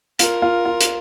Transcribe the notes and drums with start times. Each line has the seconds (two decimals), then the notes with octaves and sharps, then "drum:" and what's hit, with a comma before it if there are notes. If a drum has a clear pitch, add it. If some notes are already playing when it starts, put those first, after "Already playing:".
0.19 F4 A#4, drum: hi-hat
0.42 F4
0.65 F4
0.81 drum: hi-hat